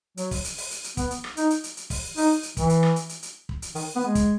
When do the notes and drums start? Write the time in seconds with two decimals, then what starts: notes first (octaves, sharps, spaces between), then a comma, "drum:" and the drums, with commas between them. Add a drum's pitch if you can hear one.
0.17 F#3, drum: hi-hat
0.31 drum: kick, open hi-hat
0.44 drum: hi-hat
0.58 drum: open hi-hat
0.71 drum: hi-hat
0.84 drum: hi-hat
0.97 B3, drum: kick, hi-hat
1.11 drum: hi-hat
1.24 drum: rim click
1.37 D#4, drum: hi-hat
1.50 drum: hi-hat
1.64 drum: hi-hat
1.77 drum: hi-hat
1.90 drum: kick, open hi-hat
2.17 D#4, drum: open hi-hat
2.43 drum: hi-hat
2.57 E3, drum: kick, hi-hat
2.70 drum: hi-hat
2.83 drum: rim click
2.96 drum: hi-hat
3.09 drum: hi-hat
3.22 drum: hi-hat
3.49 drum: kick
3.62 drum: hi-hat
3.75 D#3, drum: open hi-hat
3.96 B3
4.05 G#3
4.15 drum: kick, hi-hat